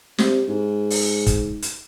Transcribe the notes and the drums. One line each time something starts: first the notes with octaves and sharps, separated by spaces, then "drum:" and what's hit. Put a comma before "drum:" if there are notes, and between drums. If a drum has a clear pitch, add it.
C3, drum: snare
G#2
drum: open hi-hat
drum: kick, hi-hat
drum: hi-hat